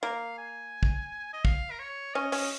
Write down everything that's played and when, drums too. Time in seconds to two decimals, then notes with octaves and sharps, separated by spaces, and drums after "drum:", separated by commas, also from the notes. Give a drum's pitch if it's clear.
0.03 A#3 F5
0.38 G#5
0.83 drum: kick
1.33 D#5
1.45 F5, drum: kick
1.71 A#4
1.79 C#5
2.14 C#4 D#5
2.32 C#4, drum: open hi-hat
2.39 D#5